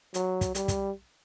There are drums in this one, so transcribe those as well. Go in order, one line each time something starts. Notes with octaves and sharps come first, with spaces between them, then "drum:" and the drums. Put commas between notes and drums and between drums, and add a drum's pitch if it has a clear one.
F#3, drum: hi-hat
drum: kick, hi-hat
G3, drum: hi-hat
drum: kick, hi-hat